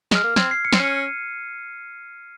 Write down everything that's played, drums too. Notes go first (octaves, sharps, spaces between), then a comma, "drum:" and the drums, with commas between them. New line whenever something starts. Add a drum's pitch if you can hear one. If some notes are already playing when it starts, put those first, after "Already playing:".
G#3 F6, drum: snare
A#3
C4 G#6, drum: snare
C7
C#7
C4, drum: snare
C#4 D#7